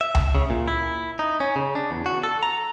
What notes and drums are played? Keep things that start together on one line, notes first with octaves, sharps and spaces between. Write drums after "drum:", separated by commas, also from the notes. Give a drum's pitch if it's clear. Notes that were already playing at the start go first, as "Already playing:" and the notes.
E5
drum: tom C#2
C#3
A#2
E4
D#4
C#4
C#3
D4
E2
F#4
A4
A#5